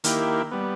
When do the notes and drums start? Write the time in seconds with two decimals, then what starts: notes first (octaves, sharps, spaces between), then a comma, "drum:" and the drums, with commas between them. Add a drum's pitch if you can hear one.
0.04 D#3 A#3 E4 G4, drum: hi-hat
0.51 G3 B3